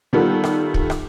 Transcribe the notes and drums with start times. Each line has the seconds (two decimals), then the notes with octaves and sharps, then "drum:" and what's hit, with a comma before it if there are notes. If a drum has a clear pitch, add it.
0.13 D#3 G3 B3 F4 A4
0.44 drum: rim click
0.74 drum: kick
0.90 drum: rim click